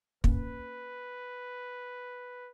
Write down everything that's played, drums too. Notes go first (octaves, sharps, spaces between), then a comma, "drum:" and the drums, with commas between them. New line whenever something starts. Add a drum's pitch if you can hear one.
A#3 C#4 B4, drum: kick